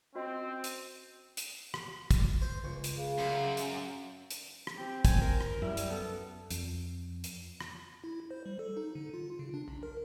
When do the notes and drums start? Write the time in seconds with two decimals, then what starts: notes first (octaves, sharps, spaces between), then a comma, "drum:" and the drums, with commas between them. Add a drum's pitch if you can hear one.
0.15 C4 C#4 F#4 D#5
0.64 drum: hi-hat
1.37 drum: hi-hat
1.74 drum: rim click
2.11 drum: kick, hi-hat
2.42 C5
2.64 C#2
2.84 drum: hi-hat
2.96 C#3
3.18 F#2 G#3 D#4 F5
3.57 drum: hi-hat
4.31 drum: hi-hat
4.67 drum: rim click
4.78 C4 G4
5.05 G#5, drum: kick, hi-hat
5.21 A#4
5.41 drum: rim click
5.62 F#2 G3 E4
5.77 drum: hi-hat
5.90 B3 A4
6.51 F2, drum: hi-hat
7.24 drum: hi-hat
7.61 drum: rim click
8.04 E4
8.31 C5
8.46 G3
8.59 A4
8.77 D#4
8.95 D3
9.14 F4
9.39 C#3
9.54 D4
9.68 B1
9.83 A#4